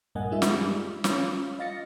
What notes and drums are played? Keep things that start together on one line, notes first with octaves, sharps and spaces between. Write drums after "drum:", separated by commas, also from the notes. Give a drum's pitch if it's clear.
G2 A#2 A#3 D#5 F#5 G#5
G3 G#3 D#4 F4 E5
drum: snare
G3
C#4, drum: snare
F4
D#5 F5 A6 A#6 C#7